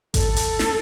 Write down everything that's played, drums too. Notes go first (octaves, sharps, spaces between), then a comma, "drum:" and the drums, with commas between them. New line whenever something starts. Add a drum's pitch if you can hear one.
A4, drum: kick G#1, hi-hat
drum: hi-hat
drum: snare